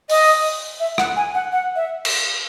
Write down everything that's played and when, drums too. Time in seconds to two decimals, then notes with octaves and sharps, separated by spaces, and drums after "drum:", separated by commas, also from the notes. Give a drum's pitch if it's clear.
0.10 D#5, drum: open hi-hat
0.80 E5
0.98 F#5, drum: rim click
1.16 G#5
1.34 F#5
1.52 F#5
1.76 E5
2.05 drum: cymbal